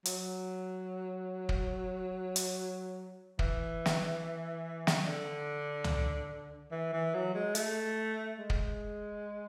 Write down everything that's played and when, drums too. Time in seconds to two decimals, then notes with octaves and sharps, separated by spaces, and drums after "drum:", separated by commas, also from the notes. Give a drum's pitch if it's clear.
0.05 F#3, drum: hi-hat
1.49 drum: kick
2.36 drum: hi-hat
3.39 E3, drum: kick
3.86 drum: snare
4.87 drum: snare
5.05 D3
5.84 drum: tom C#2
6.71 E3
6.93 E3
7.14 F#3
7.34 G#3
7.55 A3, drum: hi-hat
8.39 G#3
8.50 drum: kick